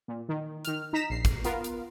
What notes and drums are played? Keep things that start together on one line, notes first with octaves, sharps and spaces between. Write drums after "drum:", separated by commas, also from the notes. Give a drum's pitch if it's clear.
A#2
D#3
D#3 F6, drum: hi-hat
D#4 A#5 B6 E7
A#1 C7
drum: kick, hi-hat
B3 F4 A#4, drum: hi-hat
drum: hi-hat